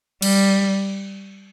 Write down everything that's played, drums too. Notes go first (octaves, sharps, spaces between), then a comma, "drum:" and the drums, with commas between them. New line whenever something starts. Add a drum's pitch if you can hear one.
G3, drum: cymbal